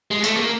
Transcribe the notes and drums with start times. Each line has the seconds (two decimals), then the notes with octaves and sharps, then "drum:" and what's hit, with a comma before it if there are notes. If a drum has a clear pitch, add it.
0.11 G#3
0.24 A3, drum: hi-hat
0.37 A#3